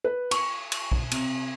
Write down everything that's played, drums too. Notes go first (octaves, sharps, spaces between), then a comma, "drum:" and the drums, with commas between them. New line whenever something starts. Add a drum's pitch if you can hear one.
B4
C#6, drum: cymbal
drum: cymbal
drum: kick
C3, drum: cymbal